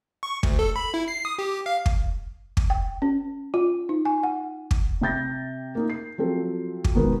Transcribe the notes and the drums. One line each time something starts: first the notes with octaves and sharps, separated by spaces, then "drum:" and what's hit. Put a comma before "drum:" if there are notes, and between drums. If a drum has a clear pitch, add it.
C#6
D2, drum: kick
A4
B5
E4
C7
D#6
G4
F5
drum: kick
drum: kick
G5
C#4
F4
D#4
G#5
F#5
drum: kick
C3 G5 G6 A6 A#6
A#3 D#4
C7
F3 F#3 C4 A4
drum: kick
B2 D#3 G#3 B3 A#4